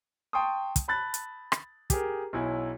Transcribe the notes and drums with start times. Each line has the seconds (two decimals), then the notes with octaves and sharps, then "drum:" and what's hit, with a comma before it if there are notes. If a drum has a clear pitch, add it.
0.33 G5 A5 C6 C#6 D#6
0.76 drum: kick, hi-hat
0.88 A5 B5 F#6 A6
1.14 drum: hi-hat
1.52 drum: rim click
1.90 G4 G#4 A#4, drum: kick, hi-hat
2.33 B1 F#3 E4 G#5